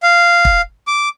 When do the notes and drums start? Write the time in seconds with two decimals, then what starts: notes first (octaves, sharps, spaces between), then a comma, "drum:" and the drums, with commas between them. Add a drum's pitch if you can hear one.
0.03 F5
0.45 drum: kick
0.87 D6